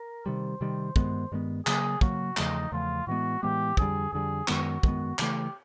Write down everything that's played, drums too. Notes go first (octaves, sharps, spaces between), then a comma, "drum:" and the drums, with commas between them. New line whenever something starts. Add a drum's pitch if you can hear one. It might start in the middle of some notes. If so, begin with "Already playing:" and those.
Already playing: A#4
C3 D#3 G3 C5
C3 D#3 G3
G2 D#3 G#3 B3 C5, drum: kick
G2 D#3 G#3 B3
C#3 F#3 A#3 G#4, drum: clap
C#3 F#3 A#3 F#4, drum: kick
E2 C#3 F3 A3 D#4, drum: clap
E2 C#3 F3 A3 F4
A2 E3 G#3 B3 F#4
A2 E3 G#3 B3 G4
F2 D3 G3 G#4, drum: kick
F2 D3 G3 G#4
F#2 D#3 G#3 B3 F#4, drum: clap
F#2 D#3 G#3 B3, drum: kick
C#3 E3 A3 G4, drum: clap